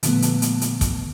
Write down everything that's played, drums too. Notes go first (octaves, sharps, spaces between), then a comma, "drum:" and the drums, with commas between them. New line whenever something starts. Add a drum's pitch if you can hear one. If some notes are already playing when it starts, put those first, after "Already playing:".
A#2 D3 F3 A3 B3, drum: hi-hat
drum: hi-hat
drum: hi-hat
drum: hi-hat
drum: kick, hi-hat